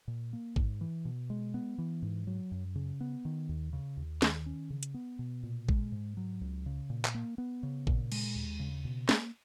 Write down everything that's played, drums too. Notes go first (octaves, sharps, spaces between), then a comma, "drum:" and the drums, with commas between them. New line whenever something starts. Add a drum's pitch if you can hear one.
A#2
A#3
G#2, drum: kick A1
E3
B2
G#3
B3
E3
G#2
F#3
F#2
C#3
B3
D#3
D#2
C#3
D#2
D#3, drum: snare
C#4
C#3
drum: hi-hat
B3
B2
A#2
G#3, drum: kick A1
G#2
F#3
C#2
C#3
A#2
drum: clap
A#3
B3
C#3
A#2, drum: kick A1
G#3, drum: cymbal
D#2
C#3
B2
A#3, drum: snare